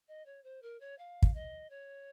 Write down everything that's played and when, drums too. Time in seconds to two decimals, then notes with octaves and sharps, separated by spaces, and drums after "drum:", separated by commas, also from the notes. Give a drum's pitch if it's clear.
0.08 D#5
0.26 C#5
0.44 C5
0.62 A#4
0.80 C#5
0.99 F5
1.22 drum: kick
1.35 D#5
1.70 C#5